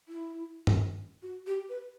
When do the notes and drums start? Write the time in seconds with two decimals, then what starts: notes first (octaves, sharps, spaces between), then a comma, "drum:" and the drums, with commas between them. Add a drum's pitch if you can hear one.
0.09 E4
0.67 drum: tom G2
1.23 F#4
1.47 G4
1.69 B4